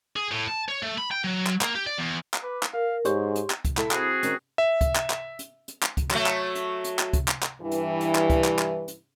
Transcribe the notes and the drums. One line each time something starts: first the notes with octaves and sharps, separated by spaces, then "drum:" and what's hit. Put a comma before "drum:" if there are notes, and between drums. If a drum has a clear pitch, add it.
G#4
A2
A5
C#5
A3
B5
G5
F#3
drum: clap
A#3, drum: clap
G4
D5
E2
drum: clap
B4 D6
drum: clap
A#4 F5
G#2 G4 G#4 C#5 C6, drum: hi-hat
drum: hi-hat
drum: clap
drum: kick C#2, hi-hat
E4 A4, drum: clap
C4 F#4 G#4, drum: clap
D#3 C#4, drum: hi-hat
E5
drum: kick C#2, hi-hat
drum: clap
drum: clap
drum: hi-hat
drum: hi-hat
drum: clap
drum: kick C#2, hi-hat
F#3 A3, drum: clap
drum: clap
drum: hi-hat
drum: hi-hat
drum: clap
drum: kick C#2, hi-hat
drum: clap
drum: clap
G2 E3
drum: hi-hat
drum: hi-hat
drum: clap
drum: kick C#2, hi-hat
drum: clap
drum: clap
drum: hi-hat